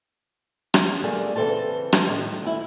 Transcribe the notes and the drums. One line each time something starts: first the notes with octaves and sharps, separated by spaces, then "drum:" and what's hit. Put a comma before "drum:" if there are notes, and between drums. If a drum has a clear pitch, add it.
drum: rim click
G3 A3 A#3 G#4
C#3 E3 C4 A4 C5 A5
drum: rim click
A2 D#3
D2 E4